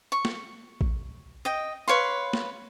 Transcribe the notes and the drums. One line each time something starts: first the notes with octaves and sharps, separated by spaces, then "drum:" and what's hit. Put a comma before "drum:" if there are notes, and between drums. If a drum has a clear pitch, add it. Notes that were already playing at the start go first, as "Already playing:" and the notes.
C#6
drum: snare
drum: kick A#1
D#5 G5
B4 C#5 F5 C6
drum: snare